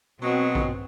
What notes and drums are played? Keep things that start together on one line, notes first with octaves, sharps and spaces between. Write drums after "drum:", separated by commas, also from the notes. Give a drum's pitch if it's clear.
B2 F#3 G#3 C4
drum: kick A#1